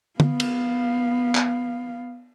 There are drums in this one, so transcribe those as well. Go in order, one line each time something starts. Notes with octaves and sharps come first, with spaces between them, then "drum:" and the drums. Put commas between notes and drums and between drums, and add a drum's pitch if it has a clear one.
B3 F5, drum: tom D3
drum: cymbal
drum: clap